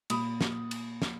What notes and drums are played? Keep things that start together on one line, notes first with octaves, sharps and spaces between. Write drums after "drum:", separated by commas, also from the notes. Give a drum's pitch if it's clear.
A#2 B5 D#6, drum: cymbal
drum: snare
drum: cymbal
drum: snare